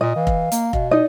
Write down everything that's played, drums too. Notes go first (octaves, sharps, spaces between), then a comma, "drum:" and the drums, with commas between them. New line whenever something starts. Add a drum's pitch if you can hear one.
A#2 D#5
E3 F5
drum: kick F1
A#3, drum: hi-hat
B2, drum: kick F1
D#4 D5 D#5